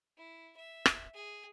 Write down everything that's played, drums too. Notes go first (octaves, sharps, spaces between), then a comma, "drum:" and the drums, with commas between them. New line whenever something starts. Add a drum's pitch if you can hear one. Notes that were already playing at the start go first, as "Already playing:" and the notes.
E4
E5
drum: rim click
G#4